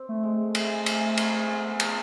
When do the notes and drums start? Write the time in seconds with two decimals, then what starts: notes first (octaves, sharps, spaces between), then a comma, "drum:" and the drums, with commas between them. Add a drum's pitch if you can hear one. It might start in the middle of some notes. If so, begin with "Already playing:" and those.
Already playing: C4
0.09 A3
0.24 G#3
0.55 G#4, drum: cymbal
0.86 C4, drum: cymbal
1.17 G#3, drum: cymbal
1.49 B3
1.80 F3, drum: cymbal